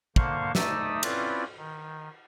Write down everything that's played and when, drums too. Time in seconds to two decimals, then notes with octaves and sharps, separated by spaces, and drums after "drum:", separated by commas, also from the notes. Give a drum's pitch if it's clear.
0.16 D3 A#3 C5 F5 C#6, drum: kick
0.55 A3 D#4 D5 E5 D#6 E6, drum: snare
1.03 C4 C#4 E4 F4 B4 D5, drum: cymbal
1.58 D#3